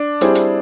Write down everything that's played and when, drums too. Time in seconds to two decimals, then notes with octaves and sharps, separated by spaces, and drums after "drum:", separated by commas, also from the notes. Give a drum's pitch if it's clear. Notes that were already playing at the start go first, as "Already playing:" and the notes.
Already playing: D4
0.21 G3 C4 E4 G#4 C5, drum: hi-hat
0.35 drum: hi-hat